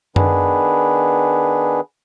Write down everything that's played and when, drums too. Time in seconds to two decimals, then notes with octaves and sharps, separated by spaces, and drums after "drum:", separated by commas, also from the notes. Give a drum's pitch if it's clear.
0.16 D#3 B3 D4 G#4 B4, drum: tom F#2